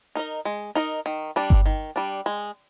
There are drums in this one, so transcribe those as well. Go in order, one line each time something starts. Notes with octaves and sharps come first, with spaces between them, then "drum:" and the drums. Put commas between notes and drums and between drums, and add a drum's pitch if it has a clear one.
D#4 A#4 D#5
G#3
D#4 A#4 D#5
D#3
G3 D4
drum: kick G1
D#3
G3 D4
G#3